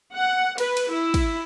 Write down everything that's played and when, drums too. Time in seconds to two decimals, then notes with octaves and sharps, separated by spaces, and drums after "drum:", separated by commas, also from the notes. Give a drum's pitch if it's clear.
0.14 F#5
0.58 B4, drum: cymbal
0.77 drum: cymbal
0.90 E4
1.14 drum: kick, cymbal